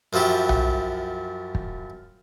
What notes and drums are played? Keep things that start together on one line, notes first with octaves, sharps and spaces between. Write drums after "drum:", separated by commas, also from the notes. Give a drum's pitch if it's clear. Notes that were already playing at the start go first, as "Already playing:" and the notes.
F#2 F3 F#3 E4 G4
drum: tom B1
drum: kick